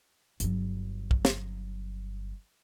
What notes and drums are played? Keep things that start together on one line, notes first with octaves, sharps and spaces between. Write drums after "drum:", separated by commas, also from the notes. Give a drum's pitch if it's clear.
G1 F#3, drum: hi-hat
drum: kick
drum: snare